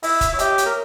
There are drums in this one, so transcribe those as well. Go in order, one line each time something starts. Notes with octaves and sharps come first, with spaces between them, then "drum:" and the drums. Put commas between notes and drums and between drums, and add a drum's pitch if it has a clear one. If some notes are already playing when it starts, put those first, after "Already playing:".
E4 D#5, drum: open hi-hat
E5, drum: kick, hi-hat
E4 C#5
G4 D#5, drum: hi-hat
C#5, drum: hi-hat
A#4